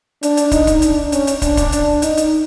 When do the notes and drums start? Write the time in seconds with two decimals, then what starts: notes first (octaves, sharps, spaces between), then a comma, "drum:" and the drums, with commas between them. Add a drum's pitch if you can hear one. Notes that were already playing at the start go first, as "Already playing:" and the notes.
0.23 D4, drum: hi-hat
0.37 drum: hi-hat
0.51 D#4, drum: kick, hi-hat
0.67 drum: kick, hi-hat
0.82 D4, drum: hi-hat
1.12 C#4, drum: hi-hat
1.27 drum: hi-hat
1.42 D4, drum: kick, hi-hat
1.57 drum: kick, hi-hat
1.72 drum: hi-hat
2.02 D#4, drum: hi-hat
2.17 drum: hi-hat